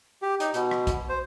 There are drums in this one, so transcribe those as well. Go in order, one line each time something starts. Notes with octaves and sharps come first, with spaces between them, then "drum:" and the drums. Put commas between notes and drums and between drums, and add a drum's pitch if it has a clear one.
G4
D#4, drum: hi-hat
B2, drum: hi-hat
drum: rim click
drum: kick, hi-hat
C5